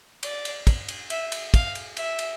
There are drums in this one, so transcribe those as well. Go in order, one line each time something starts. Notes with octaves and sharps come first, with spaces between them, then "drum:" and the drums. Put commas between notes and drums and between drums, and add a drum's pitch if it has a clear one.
D5, drum: cymbal
drum: cymbal
drum: kick, cymbal
drum: cymbal
E5, drum: cymbal
drum: cymbal
F5, drum: kick, cymbal
drum: cymbal
E5, drum: cymbal
drum: cymbal